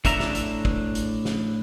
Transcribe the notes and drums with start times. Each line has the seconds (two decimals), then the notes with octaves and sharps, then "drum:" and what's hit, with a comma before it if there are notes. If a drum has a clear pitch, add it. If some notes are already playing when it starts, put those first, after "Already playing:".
0.05 A2 D4 E5 A#5, drum: kick, hi-hat
0.20 drum: snare
0.35 drum: hi-hat
0.65 drum: kick
0.95 drum: hi-hat
1.25 drum: snare